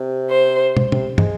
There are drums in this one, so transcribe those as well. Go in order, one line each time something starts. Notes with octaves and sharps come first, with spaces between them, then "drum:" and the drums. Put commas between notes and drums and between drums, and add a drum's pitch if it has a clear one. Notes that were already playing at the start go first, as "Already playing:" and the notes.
Already playing: C3
C5
drum: tom
C3, drum: tom
G#3, drum: tom